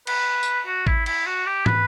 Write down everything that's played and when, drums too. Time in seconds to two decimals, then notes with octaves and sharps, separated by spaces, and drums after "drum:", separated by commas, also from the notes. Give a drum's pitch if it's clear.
0.07 B4, drum: cymbal
0.43 drum: tambourine
0.66 F#4
0.87 E4, drum: kick
1.06 E4, drum: cymbal
1.26 F#4
1.46 G4
1.66 B4, drum: tom